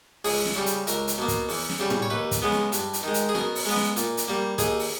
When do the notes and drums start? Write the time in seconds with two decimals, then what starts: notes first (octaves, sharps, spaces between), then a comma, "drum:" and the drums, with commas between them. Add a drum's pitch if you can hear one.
0.25 C#2 G#4, drum: open hi-hat
0.46 drum: snare
0.55 C#3 G3
0.66 drum: hi-hat
0.87 C#2 A#4, drum: hi-hat
1.08 drum: hi-hat
1.18 B2 A#3
1.28 drum: kick, hi-hat
1.49 E2, drum: open hi-hat
1.69 drum: snare
1.80 C#3 G3
1.90 drum: tom A2
2.02 C#5
2.10 D#2 B4
2.31 drum: kick, hi-hat
2.42 C#3 G#3 B3
2.52 drum: snare
2.72 G2, drum: hi-hat
2.93 drum: hi-hat
3.03 D#3 G#3
3.14 drum: hi-hat
3.29 G#4
3.35 B2 A#4, drum: snare
3.55 drum: open hi-hat
3.66 G#3 B3
3.76 drum: snare
3.96 A#2, drum: hi-hat
4.17 drum: hi-hat
4.28 G3 A#3
4.58 D#2 G#4, drum: kick, hi-hat
4.79 drum: open hi-hat